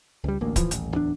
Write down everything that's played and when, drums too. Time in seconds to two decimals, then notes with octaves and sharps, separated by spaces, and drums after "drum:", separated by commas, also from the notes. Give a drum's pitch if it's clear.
0.24 C#2 G3
0.41 A1 D2 A#3
0.56 D1 E3 F3, drum: kick C#1, hi-hat
0.71 D#1 A1, drum: hi-hat
0.93 D1 E2 D4